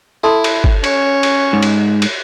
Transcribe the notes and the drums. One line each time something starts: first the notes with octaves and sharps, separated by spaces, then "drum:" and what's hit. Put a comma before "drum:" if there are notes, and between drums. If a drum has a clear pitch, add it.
E4 A4 A5 C6
drum: cymbal
drum: kick G1
C#4 C#5, drum: cymbal
drum: cymbal
G#2
drum: cymbal
drum: cymbal